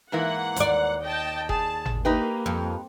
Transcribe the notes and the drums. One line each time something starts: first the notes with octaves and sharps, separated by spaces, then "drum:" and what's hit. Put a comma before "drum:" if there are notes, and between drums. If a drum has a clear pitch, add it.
G#2 E3 A#3 F#5
D#2 D5, drum: hi-hat
D#5 G5 A5
G#4 A5, drum: kick F1
drum: tom G#1
A#3 D#4 G4 B4
F2